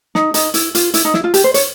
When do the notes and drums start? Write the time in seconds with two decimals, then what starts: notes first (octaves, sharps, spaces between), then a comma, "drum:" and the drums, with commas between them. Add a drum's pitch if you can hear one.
0.15 D#4, drum: snare
0.34 D#4, drum: hi-hat
0.54 E4, drum: hi-hat
0.75 F4, drum: hi-hat
0.94 E4, drum: hi-hat
1.05 D#4
1.14 E4, drum: snare
1.24 F4
1.34 G4, drum: hi-hat
1.44 C5
1.54 C#5, drum: hi-hat